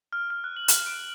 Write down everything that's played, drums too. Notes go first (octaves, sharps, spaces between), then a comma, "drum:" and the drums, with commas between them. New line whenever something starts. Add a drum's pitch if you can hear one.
F6
F6
F#6
F#7
F#6, drum: hi-hat
D7